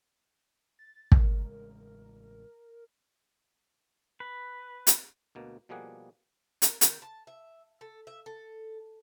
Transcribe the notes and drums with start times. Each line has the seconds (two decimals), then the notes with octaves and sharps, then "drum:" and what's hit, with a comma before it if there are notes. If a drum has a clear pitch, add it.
0.79 A6
1.12 A1 C#3 G#3 A#4, drum: kick
4.20 B4
4.87 drum: hi-hat
5.35 D2 B2 A#3
5.69 B2 F3 G3 A#3 G#4 F#5
6.62 A#4, drum: hi-hat
6.81 D#3, drum: hi-hat
7.02 A5
7.27 E5
7.81 A4
8.07 E5
8.26 A4